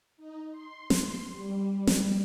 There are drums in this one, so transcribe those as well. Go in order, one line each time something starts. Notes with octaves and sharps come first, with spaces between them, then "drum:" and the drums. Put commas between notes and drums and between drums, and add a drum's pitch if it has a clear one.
D#4
C6
drum: snare
G3
drum: snare